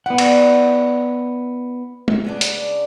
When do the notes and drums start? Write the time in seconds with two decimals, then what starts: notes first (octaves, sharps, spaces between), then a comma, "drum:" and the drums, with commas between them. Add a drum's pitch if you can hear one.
0.06 B3 E4 D5 F#5
0.18 drum: cymbal
2.08 drum: tom
2.24 C#3 B3 D4
2.41 drum: hi-hat